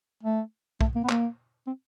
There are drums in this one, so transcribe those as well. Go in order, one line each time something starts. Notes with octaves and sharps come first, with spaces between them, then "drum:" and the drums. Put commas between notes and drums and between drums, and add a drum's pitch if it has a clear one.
A3
A3, drum: kick
A#3
B3
A#3, drum: clap
C4